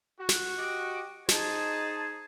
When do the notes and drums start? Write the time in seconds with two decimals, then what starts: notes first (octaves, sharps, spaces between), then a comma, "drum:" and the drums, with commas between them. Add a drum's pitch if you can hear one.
0.19 F#4
0.29 drum: snare
0.58 G4 D#5 D6
1.29 D#4 G#4 C5 A5, drum: snare